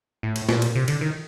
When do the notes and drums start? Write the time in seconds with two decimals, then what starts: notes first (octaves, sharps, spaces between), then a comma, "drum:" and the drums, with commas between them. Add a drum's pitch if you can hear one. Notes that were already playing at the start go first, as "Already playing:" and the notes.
0.23 A2
0.36 drum: cymbal
0.49 A#2, drum: snare
0.62 drum: cymbal
0.75 C3
0.88 D3, drum: cymbal
1.01 D#3